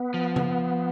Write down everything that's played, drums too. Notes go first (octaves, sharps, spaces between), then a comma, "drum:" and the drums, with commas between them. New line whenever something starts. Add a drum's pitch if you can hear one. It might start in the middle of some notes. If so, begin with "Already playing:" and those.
Already playing: B3
F3
drum: tom C#3